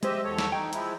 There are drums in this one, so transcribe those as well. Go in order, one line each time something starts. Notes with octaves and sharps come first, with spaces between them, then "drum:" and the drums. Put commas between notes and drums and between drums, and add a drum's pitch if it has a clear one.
G#3 G4 C5 D#5 E5, drum: hi-hat
E2 A4 C#5
drum: snare
D#4 G5
F3 G#3 E4, drum: hi-hat